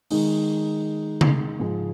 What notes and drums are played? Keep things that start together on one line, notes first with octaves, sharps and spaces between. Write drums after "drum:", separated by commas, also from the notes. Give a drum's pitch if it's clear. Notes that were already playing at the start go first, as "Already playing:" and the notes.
D#3 G#3 D#4, drum: open hi-hat
drum: tom C#3
G#2 F3 G#3